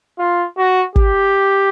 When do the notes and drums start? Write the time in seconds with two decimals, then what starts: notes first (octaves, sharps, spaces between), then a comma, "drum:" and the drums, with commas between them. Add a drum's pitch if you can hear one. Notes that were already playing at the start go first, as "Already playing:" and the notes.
0.19 F4
0.57 F#4
0.96 G4, drum: kick